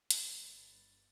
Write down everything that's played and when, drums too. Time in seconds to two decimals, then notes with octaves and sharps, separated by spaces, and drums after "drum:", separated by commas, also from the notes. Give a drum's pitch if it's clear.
0.10 G1 B5 A6, drum: hi-hat